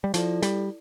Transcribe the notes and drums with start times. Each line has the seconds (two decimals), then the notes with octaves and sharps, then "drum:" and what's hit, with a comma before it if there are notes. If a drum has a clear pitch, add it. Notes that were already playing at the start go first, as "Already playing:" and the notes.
0.04 G3
0.14 F3 E4 A4 D5, drum: hi-hat
0.42 G3, drum: hi-hat